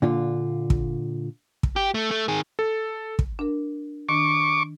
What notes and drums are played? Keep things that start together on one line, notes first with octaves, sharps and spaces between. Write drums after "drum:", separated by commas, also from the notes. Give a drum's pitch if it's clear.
A#2 D3 F4
drum: kick
drum: kick
G4
A3
A3
D#3 G#4
A4
drum: kick
D4 A#4
D#3 D4 C#6 D6